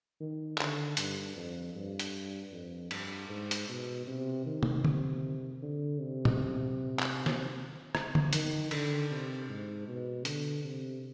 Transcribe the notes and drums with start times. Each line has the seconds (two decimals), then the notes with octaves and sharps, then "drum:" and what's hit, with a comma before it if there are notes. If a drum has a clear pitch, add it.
0.20 D#3
0.58 D3, drum: clap
0.97 G2, drum: hi-hat
1.36 F2
1.75 G2
1.99 drum: hi-hat
2.52 F2
2.91 G2, drum: cymbal
3.29 G#2
3.51 drum: hi-hat
3.68 B2
4.07 C3
4.46 D#3
4.63 drum: tom
4.85 C3, drum: tom D3
5.62 D3
6.00 C3
6.25 drum: tom
7.00 drum: clap
7.26 drum: snare
7.95 drum: rim click
8.15 drum: tom D3
8.33 D#3, drum: hi-hat
8.71 D3, drum: cymbal
9.10 C3
9.49 G#2
9.87 B2
10.25 D3, drum: hi-hat
10.64 C3